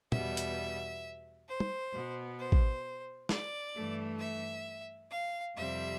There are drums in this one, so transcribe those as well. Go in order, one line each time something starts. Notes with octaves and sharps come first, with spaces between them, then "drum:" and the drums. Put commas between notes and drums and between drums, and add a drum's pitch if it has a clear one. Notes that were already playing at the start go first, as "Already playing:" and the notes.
E2 B2 G3 B3 E5, drum: tom
drum: hi-hat
C5
drum: tom
B2 B3
C5
drum: kick A1
D5, drum: snare
G2 E3 A3
E5
F5
F2 C3 G3 C4 E5